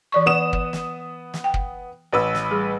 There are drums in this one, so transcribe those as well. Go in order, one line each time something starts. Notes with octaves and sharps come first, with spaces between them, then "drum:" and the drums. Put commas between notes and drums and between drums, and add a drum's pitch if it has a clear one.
E3 D5 C#6
B3 D#6 E7
drum: kick
drum: snare
drum: snare
G5
drum: kick
A1 B4 E6
drum: snare
G3 G#4